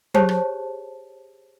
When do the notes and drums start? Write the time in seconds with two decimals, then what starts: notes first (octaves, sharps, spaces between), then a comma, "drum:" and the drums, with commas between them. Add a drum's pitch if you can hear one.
0.14 G4 G#4 C5 C#5 A5, drum: tom F#3
0.29 drum: rim click